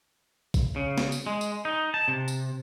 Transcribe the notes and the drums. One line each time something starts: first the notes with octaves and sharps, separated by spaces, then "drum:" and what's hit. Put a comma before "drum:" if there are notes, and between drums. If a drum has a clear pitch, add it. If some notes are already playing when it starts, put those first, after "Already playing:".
drum: kick A#1, tambourine
C#3
drum: snare
drum: tambourine
G#3
drum: tambourine
D#4
A5
C3
drum: tambourine